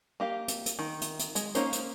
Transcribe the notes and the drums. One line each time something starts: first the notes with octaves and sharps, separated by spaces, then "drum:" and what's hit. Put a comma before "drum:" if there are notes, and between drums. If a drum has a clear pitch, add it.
A#3 G4 F5
drum: hi-hat
drum: hi-hat
D#3
drum: hi-hat
drum: hi-hat
G#3, drum: hi-hat
A#3 C#4 D#4 C5, drum: hi-hat
drum: hi-hat